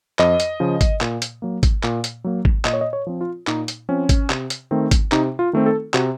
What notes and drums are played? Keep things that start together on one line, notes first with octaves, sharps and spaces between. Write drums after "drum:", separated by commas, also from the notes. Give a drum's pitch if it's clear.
F2 D#5, drum: clap
drum: hi-hat
C#3 F3
drum: kick G#1, hi-hat
A#2, drum: clap
drum: hi-hat
F#3 A#3
drum: kick G#1, hi-hat
A#2, drum: clap
drum: hi-hat
F#3 A#3
drum: kick G#1
A#2 D#5, drum: clap
C#5
D#5
C#5
F3 C4
F4
A#2 D#4, drum: clap
drum: hi-hat
F3 C4 C#4
drum: kick G#1, hi-hat
C3, drum: clap
drum: hi-hat
D#3 A3 C4
drum: kick G#1, hi-hat
C3 D#4, drum: clap
F4
D#3 A3 C4
A4
C3 F#4, drum: clap